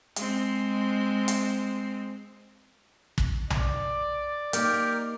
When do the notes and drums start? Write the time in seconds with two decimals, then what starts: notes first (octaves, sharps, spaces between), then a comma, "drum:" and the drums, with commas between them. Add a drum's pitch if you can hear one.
0.16 G#3 C4, drum: hi-hat
1.28 drum: hi-hat
3.18 drum: kick
3.50 D5, drum: tom B1
4.53 A#3 D#4 G4 A#4, drum: hi-hat